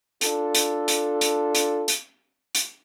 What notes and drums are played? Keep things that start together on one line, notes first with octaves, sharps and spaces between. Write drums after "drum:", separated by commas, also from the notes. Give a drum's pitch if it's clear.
D4 F4 A4, drum: hi-hat
drum: hi-hat
drum: hi-hat
drum: hi-hat
drum: hi-hat
drum: hi-hat
drum: hi-hat